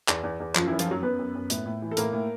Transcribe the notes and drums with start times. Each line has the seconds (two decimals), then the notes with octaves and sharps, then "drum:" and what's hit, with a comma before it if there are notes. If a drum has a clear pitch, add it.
0.08 E2, drum: clap
0.24 E2
0.40 E2
0.55 F#2 F3 F4, drum: clap
0.67 E3 E4
0.72 F#2
0.79 F3 F4, drum: hi-hat
0.87 F#2 F#3 F#4
1.02 F#2 B3 B4
1.19 F#2
1.35 F#2
1.50 A2, drum: hi-hat
1.66 A2
1.82 E3
1.91 A4
1.97 A2 A#3 A#4, drum: hi-hat
2.13 A2